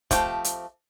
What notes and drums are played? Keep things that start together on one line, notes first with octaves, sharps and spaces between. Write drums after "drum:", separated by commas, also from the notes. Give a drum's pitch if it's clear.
F3 A3 C4 G4, drum: kick, hi-hat
drum: hi-hat